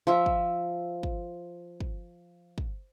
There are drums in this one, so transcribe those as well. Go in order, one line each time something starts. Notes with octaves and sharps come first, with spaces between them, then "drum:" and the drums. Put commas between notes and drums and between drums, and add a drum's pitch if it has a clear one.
F3 E5
drum: kick
drum: kick
drum: kick
drum: kick